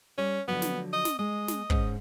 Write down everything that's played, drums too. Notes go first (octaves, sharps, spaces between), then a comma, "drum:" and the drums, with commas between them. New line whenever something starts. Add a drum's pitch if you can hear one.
G3 C#4
D3 F3 F#3 B3
drum: snare
D#5
drum: snare
G#3 D#5
drum: snare
G#2 C#4 C5, drum: kick